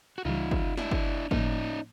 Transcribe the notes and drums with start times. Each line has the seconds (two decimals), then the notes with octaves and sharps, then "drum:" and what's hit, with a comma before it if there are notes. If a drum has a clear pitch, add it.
0.18 F#4
0.25 C#2 C#3 E3 G3 D#4 F4
0.51 drum: kick
0.78 D4 E4, drum: snare
0.91 drum: kick
1.31 A2 F3 A#3 C#4 D#4, drum: kick